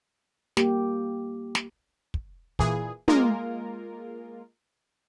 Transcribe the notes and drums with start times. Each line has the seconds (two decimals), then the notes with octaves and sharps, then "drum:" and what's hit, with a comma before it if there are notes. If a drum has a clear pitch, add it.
0.57 G3 A#3 G4, drum: snare
1.55 drum: snare
2.14 drum: kick
2.59 A#2 E3 G#4, drum: kick
3.08 G#3 A#3 F4 A#4, drum: tom